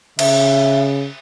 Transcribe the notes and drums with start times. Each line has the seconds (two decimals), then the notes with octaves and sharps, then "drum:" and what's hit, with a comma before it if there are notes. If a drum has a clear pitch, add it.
0.19 C#3 E5, drum: cymbal